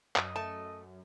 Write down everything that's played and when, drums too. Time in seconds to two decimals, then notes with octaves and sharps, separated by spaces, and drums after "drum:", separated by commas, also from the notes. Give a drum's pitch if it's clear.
0.16 F#2 D#5, drum: clap
0.36 A3 A5